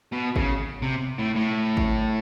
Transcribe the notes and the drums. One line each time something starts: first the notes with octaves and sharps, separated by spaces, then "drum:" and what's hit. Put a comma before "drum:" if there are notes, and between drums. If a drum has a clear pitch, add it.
B2
C#3, drum: kick G#1
C3
A2
A2
drum: kick G#1